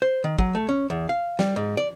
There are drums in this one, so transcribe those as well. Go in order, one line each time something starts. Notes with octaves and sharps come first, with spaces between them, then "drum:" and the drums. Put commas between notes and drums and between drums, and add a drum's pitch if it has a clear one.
C5
D#3
F#3, drum: kick
A3
C#4
E2
F5
G3, drum: snare
G#2
D5